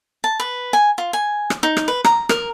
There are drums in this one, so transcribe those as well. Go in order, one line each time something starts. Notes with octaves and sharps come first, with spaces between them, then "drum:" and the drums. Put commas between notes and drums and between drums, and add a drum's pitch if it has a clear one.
A5
B4
G#5
F4
G#5
drum: rim click
D#4
drum: rim click
B4
A#5, drum: rim click
A#4, drum: rim click